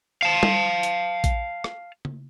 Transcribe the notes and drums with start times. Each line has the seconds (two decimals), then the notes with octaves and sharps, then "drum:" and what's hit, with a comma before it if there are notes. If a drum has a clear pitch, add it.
0.23 F5 A5
0.43 drum: tom G3
0.83 drum: hi-hat
1.24 drum: kick A#1, hi-hat
1.64 drum: rim click
2.05 drum: tom C#3